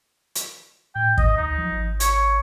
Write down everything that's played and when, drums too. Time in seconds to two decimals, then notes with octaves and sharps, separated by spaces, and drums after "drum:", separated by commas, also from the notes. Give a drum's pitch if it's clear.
0.36 drum: hi-hat
0.95 A2 G5
1.18 D2 D#5, drum: kick
1.37 D#4
1.58 F3
1.72 G#1
2.00 C#5, drum: hi-hat